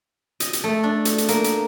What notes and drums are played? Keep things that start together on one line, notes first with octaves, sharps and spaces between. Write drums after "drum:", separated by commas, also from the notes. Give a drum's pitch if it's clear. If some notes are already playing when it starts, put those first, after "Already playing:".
D#5, drum: hi-hat
drum: hi-hat
A3
D4
drum: hi-hat
drum: hi-hat
A#3, drum: hi-hat
drum: hi-hat